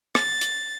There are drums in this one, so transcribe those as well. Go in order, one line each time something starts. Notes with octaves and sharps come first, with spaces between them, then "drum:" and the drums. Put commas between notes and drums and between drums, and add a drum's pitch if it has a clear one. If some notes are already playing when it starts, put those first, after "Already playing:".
A6, drum: rim click
drum: hi-hat